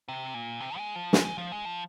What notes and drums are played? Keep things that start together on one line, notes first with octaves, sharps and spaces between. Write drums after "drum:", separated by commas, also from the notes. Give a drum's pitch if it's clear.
C3
A#2
C3
G#3
F3
G#3, drum: snare
G#3
F3
G#3
F3